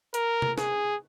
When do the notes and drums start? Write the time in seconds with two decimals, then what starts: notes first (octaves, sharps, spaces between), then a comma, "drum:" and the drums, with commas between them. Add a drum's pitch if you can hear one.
0.14 A#4, drum: hi-hat
0.42 drum: tom C3
0.58 G#4, drum: snare